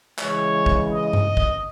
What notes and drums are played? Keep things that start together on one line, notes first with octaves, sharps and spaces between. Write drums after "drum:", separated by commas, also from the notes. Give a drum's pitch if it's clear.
C#3 E3 G#3 C#5, drum: clap
drum: kick
D#5
drum: tom G2
drum: kick